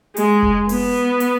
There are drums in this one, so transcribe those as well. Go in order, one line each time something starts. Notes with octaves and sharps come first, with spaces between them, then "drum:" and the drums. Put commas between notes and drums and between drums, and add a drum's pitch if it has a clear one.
G#3, drum: hi-hat
drum: kick F1
B3, drum: open hi-hat
drum: hi-hat